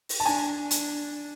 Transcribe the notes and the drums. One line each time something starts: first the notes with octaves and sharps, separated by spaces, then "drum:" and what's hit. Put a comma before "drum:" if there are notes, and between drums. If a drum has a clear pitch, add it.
drum: open hi-hat
A5
D4 G#5
drum: hi-hat